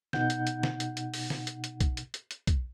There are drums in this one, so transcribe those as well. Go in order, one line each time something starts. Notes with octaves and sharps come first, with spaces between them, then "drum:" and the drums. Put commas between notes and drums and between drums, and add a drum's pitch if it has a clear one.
B2 D#4 F#5 G6, drum: snare
drum: hi-hat
drum: hi-hat
drum: snare
drum: hi-hat
drum: hi-hat
drum: open hi-hat
drum: snare
drum: hi-hat
drum: hi-hat
drum: kick, hi-hat
drum: hi-hat
drum: hi-hat
drum: hi-hat
drum: kick, hi-hat